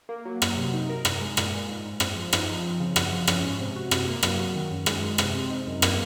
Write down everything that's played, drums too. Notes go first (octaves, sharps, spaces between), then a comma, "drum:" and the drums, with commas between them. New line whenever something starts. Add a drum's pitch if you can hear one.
A#3
F#3
F#3, drum: rim click
C3
D#4
A#4
A#4, drum: rim click
G#3
A#2, drum: rim click
A#2
G#2
G#2
C4, drum: rim click
F3
D#4, drum: rim click
F3
C4
C#3
F#4, drum: rim click
F3
C#4, drum: rim click
G#2
C3
F#4
C3, drum: rim click
A#3
F#3, drum: rim click
F#4
D#3
F#2
G#3, drum: rim click
D#3
C3, drum: rim click
C4
D#4
F#2
A#3, drum: rim click